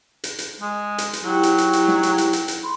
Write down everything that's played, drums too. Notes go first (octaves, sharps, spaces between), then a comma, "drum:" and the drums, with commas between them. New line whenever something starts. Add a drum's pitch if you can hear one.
drum: hi-hat
drum: hi-hat
G#3
drum: hi-hat
drum: hi-hat
F#3 E4 G4 G5
drum: hi-hat
drum: hi-hat
drum: hi-hat
drum: snare
drum: hi-hat
drum: hi-hat
drum: hi-hat
drum: hi-hat
B5 C6